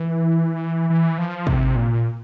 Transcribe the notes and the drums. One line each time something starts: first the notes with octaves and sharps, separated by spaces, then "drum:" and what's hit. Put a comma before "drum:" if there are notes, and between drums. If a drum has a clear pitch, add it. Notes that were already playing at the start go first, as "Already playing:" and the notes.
Already playing: E3
E3
F3
C3, drum: kick
A#2